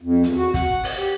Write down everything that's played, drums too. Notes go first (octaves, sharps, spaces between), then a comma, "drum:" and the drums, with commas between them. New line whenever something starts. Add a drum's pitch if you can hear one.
F2
E2, drum: hi-hat
F#4
F#5, drum: kick, hi-hat
drum: open hi-hat
G4